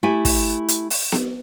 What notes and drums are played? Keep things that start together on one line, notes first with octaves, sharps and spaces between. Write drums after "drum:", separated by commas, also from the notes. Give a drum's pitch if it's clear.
A3 E4 G4 G#5
drum: kick, open hi-hat
drum: hi-hat
drum: open hi-hat
drum: snare B3